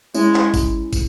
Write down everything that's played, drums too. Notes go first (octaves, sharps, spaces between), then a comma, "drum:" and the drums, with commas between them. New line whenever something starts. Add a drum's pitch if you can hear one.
G#3 C#4 E4, drum: tambourine
drum: clap
drum: kick, tambourine
drum: kick, tambourine